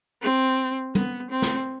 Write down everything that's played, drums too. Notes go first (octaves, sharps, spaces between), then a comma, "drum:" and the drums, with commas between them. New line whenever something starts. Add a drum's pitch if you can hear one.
C4
B3, drum: tom
C4
drum: snare